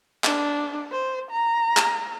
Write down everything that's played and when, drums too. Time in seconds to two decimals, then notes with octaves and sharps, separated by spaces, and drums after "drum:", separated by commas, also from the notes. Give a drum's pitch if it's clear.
0.24 D4, drum: clap
0.92 C5
1.31 A#5
1.77 drum: clap